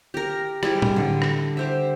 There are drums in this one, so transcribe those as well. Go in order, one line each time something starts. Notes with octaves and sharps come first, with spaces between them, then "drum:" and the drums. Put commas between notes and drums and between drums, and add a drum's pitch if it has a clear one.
G4 A#4
G3 G#3 E4, drum: rim click
drum: tom
D3
drum: rim click
G4 C5 E5